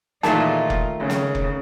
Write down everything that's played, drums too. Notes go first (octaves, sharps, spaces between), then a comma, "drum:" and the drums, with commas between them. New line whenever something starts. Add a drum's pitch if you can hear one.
A#2 D#3 E3 A3 D#4 F4 G#4 A5, drum: snare
drum: kick F1
G#1 C#3
drum: snare
drum: kick F1